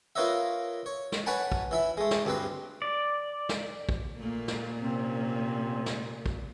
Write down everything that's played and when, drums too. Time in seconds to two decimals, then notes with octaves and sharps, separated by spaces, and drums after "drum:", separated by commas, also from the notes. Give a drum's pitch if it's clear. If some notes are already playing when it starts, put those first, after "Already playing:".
0.16 A#3 F4 B4 C#5 D#5 E5
0.86 C#5
1.12 drum: snare
1.26 B4 C#5 F#5 G#5 A5 B5
1.52 drum: kick
1.71 E3 E4 E5
1.97 G#3 A3
2.11 drum: snare
2.25 D2 G2 C4 B4
2.82 D5
3.49 drum: snare
3.89 drum: kick
4.18 A#2 A3 A#3
4.48 drum: snare
4.81 C3 A#3 C4 C#4
5.86 drum: snare
6.26 drum: kick